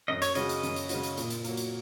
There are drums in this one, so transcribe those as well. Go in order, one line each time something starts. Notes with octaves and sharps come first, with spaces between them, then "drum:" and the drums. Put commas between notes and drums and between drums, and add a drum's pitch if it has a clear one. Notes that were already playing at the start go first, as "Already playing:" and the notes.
F#2 D#5
C#5, drum: hi-hat
C#3 G#3 C#4 F#4 D#5, drum: hi-hat
drum: hi-hat
F#2, drum: hi-hat
drum: hi-hat
C#3 G#3 C#4 F#4, drum: hi-hat
drum: hi-hat
A#2, drum: hi-hat
drum: hi-hat
F#3 A#3, drum: hi-hat
drum: hi-hat